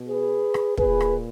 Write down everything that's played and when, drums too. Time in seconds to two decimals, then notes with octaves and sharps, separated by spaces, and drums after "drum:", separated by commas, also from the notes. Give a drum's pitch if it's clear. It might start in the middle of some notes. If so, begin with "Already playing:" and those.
Already playing: B2
0.08 G#4 B4
0.54 drum: rim click
0.77 A#2 G#4 B4, drum: kick
1.01 drum: rim click